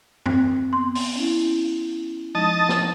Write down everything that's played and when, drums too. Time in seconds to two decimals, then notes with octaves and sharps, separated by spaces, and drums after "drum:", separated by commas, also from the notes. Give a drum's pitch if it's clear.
0.26 C4 F#6, drum: tom F#2
0.73 B3 C6
0.95 drum: open hi-hat
1.16 C#4 E4
2.35 F3 G#3 D#4 D#5 A5
2.69 drum: snare